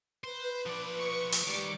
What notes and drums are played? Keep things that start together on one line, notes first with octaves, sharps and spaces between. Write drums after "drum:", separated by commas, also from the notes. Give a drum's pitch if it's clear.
B4 C5
F3 D5
C#6
drum: open hi-hat
D#3 G3 C#5 D6 C#7